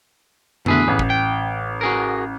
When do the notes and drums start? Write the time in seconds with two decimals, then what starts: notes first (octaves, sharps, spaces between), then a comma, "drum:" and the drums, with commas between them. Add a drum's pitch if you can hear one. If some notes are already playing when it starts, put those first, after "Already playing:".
0.66 B2 D3 E3 A3 G#4 B4, drum: tom F2
0.88 A1
0.99 drum: kick
1.10 G5
1.81 F#4 G#4 A#4